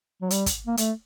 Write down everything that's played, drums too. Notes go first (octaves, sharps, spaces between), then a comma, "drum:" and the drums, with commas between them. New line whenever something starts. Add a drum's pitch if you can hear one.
F#3
G3, drum: hi-hat
drum: kick, hi-hat
A#3
A3, drum: hi-hat